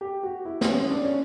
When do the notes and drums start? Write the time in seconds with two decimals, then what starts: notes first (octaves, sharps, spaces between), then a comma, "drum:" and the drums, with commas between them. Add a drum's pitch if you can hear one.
0.01 G4
0.23 F#4
0.45 E4
0.61 B3, drum: snare
0.68 C#4
0.90 D4
1.03 C#4